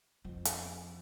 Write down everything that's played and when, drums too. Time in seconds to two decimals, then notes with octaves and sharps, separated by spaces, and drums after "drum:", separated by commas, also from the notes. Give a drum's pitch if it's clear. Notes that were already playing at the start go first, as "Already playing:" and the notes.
0.24 F2 F3
0.45 drum: hi-hat